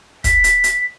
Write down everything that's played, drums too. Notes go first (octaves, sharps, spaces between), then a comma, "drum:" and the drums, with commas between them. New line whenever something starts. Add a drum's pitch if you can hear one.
B6, drum: kick, hi-hat
drum: hi-hat
drum: hi-hat